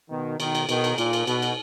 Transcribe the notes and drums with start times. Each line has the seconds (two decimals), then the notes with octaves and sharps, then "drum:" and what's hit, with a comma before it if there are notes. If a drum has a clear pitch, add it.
0.10 B2 D#3
0.40 B2 D#3, drum: cymbal
0.55 drum: cymbal
0.69 B2 D#3, drum: cymbal
0.84 drum: cymbal
0.98 A#2, drum: cymbal
1.13 drum: cymbal
1.27 B2, drum: cymbal
1.42 drum: cymbal